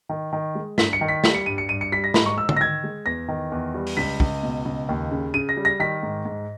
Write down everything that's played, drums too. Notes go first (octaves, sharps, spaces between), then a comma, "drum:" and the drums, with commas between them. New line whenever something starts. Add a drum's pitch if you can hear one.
D#3
D#3
G#3
G2 B6, drum: snare
C#7
D#3
B6
G3 B6, drum: snare
C#7
G2 D#7
C#7
G2 D#7
C#7
G3 B6
A#6
G#2 B5, drum: snare
C#6
G#2 E6
E6, drum: tom
A#6
D#3 G#6
G#3
E2 A#6
D#3
E2
G3
drum: open hi-hat
C#2 B6
C#2, drum: kick
B2
C#2
D#2
C#3
C#3 D#7
A#6
G3
A#6
D#3 B6
G#2
G#2